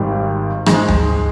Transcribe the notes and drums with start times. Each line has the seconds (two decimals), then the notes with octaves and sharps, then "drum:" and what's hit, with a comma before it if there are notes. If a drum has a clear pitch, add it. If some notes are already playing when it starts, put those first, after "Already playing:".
Already playing: G#1 G#2 D#3 G3
0.66 G#2 F3 G#3, drum: rim click
0.88 drum: tom D2